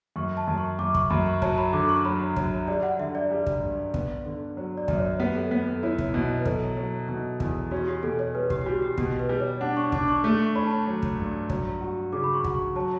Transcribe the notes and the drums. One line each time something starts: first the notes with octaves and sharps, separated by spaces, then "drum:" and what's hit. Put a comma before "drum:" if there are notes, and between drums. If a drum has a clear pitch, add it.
F#2 C#6
A5
F#2
C#6
F#2 D6
C#6, drum: kick
F#2 B5
C#6
F#3 A5, drum: kick
B5
D3 D6
C#6
F#3 B5
F#3, drum: kick
G3 D5
F#5
D3 E5
D5
G3
drum: kick
G2
B3, drum: kick
D3
F#3
D5
F#2, drum: kick
C#5
B3 G4
A4
B3
A4
E4 C#5
drum: kick
B2
B4
F#3 A4, drum: kick
F#3
B2
E2, drum: kick
C#4 F#4
G4
B2 A4
C#5
G3 B4
G4, drum: kick
G4
G3 F#4
G4
B2 G4, drum: kick
B4
G3
C#5
D4 F#5
C#6
D4 D6, drum: kick
C#6
A3
C#6
C#4 B5
A5
B5
F#3
drum: kick
G2
F#3, drum: kick
F#4
C#3 D6
B5
C#6
F#4, drum: kick
C#6
F#3 A5